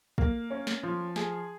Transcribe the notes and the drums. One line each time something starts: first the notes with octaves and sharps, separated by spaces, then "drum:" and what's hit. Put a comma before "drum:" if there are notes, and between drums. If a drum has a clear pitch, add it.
A#3, drum: kick
C#4
drum: snare
F3
G#4, drum: snare